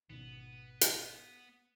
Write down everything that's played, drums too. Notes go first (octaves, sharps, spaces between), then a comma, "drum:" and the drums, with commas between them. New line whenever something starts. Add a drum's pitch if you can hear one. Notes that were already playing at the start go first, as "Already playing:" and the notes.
G#1 B2 D#3 B3
drum: hi-hat